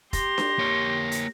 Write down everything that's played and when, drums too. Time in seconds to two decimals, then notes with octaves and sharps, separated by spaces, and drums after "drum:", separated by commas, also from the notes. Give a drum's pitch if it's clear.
0.13 G4 C6 A#6, drum: kick F1, hi-hat
0.38 drum: snare D4
0.59 A#3 C#5
1.12 drum: hi-hat